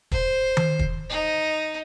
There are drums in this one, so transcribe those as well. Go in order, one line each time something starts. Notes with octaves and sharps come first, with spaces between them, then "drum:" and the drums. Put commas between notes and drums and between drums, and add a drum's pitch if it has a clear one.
C5, drum: kick
drum: tom D#3
drum: kick
D#4